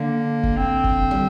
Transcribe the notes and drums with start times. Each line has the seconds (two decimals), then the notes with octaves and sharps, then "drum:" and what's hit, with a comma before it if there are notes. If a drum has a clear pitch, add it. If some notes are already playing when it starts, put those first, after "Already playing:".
Already playing: D3 A#3
0.43 drum: kick
0.57 C4
0.84 drum: kick
1.11 G3